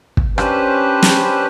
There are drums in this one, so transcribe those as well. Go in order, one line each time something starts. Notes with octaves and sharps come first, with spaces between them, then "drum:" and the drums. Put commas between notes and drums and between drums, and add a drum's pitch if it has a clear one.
drum: kick
C#4 D4 G4 B4 C5, drum: rim click
drum: snare